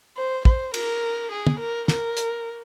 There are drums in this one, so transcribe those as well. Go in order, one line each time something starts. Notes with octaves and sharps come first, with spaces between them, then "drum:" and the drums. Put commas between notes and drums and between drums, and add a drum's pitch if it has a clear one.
C5
C5, drum: kick
A#4, drum: cymbal
G#4
drum: tom
A#4
A#4, drum: snare
drum: hi-hat